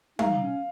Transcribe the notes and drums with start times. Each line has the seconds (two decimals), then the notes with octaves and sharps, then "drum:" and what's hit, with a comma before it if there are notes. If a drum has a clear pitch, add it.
0.19 D#4 F5, drum: tom
0.41 C#4